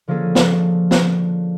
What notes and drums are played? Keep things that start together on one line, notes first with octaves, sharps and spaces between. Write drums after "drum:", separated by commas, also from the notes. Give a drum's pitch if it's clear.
D3 F3 A#3 C#4 G#4 A4
drum: snare
drum: snare